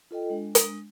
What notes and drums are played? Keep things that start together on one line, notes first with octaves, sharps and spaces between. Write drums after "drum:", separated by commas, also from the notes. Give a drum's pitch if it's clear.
F4 A4 D#5 G5
G#3 D4
drum: hi-hat